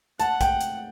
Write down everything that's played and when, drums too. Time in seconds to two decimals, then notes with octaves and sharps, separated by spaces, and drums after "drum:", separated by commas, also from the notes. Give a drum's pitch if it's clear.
0.20 F#5 A5, drum: hi-hat
0.41 G5, drum: kick A#1, hi-hat
0.61 drum: hi-hat